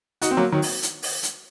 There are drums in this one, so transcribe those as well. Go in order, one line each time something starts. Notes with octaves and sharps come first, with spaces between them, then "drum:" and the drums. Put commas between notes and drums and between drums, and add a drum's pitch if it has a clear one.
D#4 F#4, drum: hi-hat
C4
F#3 A#3
D#3 F#3
drum: open hi-hat
drum: hi-hat
drum: open hi-hat
drum: hi-hat